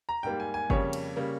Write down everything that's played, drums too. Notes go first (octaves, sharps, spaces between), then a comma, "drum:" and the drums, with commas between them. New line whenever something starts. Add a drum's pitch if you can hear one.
A#5
G#2 G3 A#3 G5
G#5
G#5
F2 C#3 G3 A#3 C#5, drum: kick G1
drum: cymbal
C#3 G3 A#3